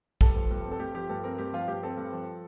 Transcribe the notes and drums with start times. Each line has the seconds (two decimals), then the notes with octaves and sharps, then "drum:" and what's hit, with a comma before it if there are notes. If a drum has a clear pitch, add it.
0.21 G2 A4, drum: kick A#1
0.36 F3
0.51 G2
0.65 C4
0.71 A4
0.80 G2 G4
0.95 F3 G4
1.09 G2 A4
1.23 C4 A#4
1.38 G2 G4
1.53 F3 F4
1.68 G2 G4
1.83 C4 A4
1.97 G2
2.12 F3